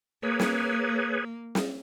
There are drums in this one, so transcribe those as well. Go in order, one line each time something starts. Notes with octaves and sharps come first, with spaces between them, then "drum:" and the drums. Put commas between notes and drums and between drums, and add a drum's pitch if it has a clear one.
A#3 G#4 B4 C#5
drum: snare
drum: snare